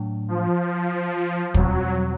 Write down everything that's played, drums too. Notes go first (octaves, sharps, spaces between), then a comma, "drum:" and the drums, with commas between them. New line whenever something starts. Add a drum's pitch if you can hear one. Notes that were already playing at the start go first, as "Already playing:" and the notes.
Already playing: A2 F#3 A3 D4
F3
E2 B2 F#3 G3 C4, drum: kick